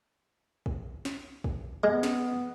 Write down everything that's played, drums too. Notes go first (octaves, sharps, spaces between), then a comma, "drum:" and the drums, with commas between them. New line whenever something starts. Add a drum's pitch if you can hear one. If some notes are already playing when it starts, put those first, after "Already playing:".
drum: kick
drum: snare
drum: kick
G#3 B3
drum: snare